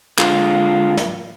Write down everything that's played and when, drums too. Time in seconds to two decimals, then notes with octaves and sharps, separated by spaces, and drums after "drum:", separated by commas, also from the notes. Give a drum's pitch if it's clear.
0.18 D3 G#3 F4, drum: clap
0.97 drum: snare